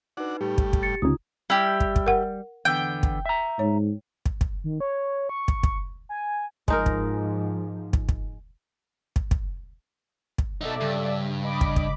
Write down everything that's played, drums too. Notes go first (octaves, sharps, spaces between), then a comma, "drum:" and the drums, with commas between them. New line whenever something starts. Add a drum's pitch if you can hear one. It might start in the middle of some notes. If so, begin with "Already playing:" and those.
D4 D#4 F#4 B4
A2 G3 G4
drum: kick
drum: kick
A6 C#7
D2 C#3 D#4 F4 D#6
G3 E4 G4
drum: kick
drum: kick
A#4 F#5
E2 D3 B3 G5
drum: kick
E5 A#5
G#2 C#5
drum: kick
drum: kick
D#3
C#5
C#6
drum: kick
drum: kick
G#5
G#2 F3 G#3 D#4 A#4, drum: kick
drum: kick
drum: kick
drum: kick
drum: kick
drum: kick
drum: kick
B2 D#4 A4 D5 E5
G2 C#3
D#5 B5 D6
drum: kick
drum: kick